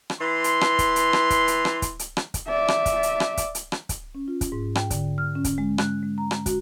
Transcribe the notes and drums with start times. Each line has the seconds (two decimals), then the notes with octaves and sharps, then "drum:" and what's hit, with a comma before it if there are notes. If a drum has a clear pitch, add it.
0.10 drum: rim click
0.20 E3 C6
0.44 drum: hi-hat
0.61 drum: rim click
0.79 drum: kick, hi-hat
0.96 drum: hi-hat
1.13 drum: rim click
1.30 drum: kick, hi-hat
1.48 drum: hi-hat
1.65 drum: rim click
1.82 drum: kick, hi-hat
1.99 drum: hi-hat
2.17 drum: rim click
2.34 drum: kick, hi-hat
2.48 D5 E5
2.68 drum: rim click
2.86 drum: kick, hi-hat
3.03 drum: hi-hat
3.20 drum: rim click
3.37 drum: kick, hi-hat
3.55 drum: hi-hat
3.72 drum: rim click
3.89 drum: kick, hi-hat
4.15 C#4
4.28 F4
4.41 drum: kick, hi-hat
4.52 G#2
4.75 G5, drum: rim click
4.90 D3, drum: kick, hi-hat
5.18 F6
5.35 C#4
5.44 drum: kick, hi-hat
5.58 G#3
5.78 F#6, drum: rim click
6.03 G#3
6.18 A#5
6.31 drum: rim click
6.46 F#4, drum: kick, hi-hat